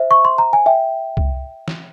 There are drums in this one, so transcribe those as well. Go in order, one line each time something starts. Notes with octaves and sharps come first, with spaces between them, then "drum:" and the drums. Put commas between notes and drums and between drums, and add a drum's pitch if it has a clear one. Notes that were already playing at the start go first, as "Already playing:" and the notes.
Already playing: C5 E5
C#6
C6
A#5
G#5
E5 G5
drum: kick
drum: snare